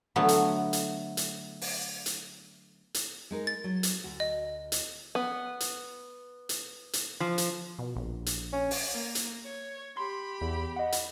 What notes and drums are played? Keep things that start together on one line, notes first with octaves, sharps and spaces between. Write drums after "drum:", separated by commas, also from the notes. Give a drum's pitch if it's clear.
D3 F#3 A3 B3 F#4
drum: hi-hat
drum: hi-hat
drum: hi-hat
drum: open hi-hat
drum: hi-hat
drum: hi-hat
G#3 D#4 A#4
A6
F#3
drum: hi-hat
D2 F#4
D#5
drum: hi-hat
B3
drum: hi-hat
drum: hi-hat
drum: hi-hat
F3
drum: hi-hat
B2
A#1
drum: hi-hat
C#4
drum: open hi-hat
A#3
drum: hi-hat
C#5
G4 B5 C6
E2
D#5 F#5
drum: hi-hat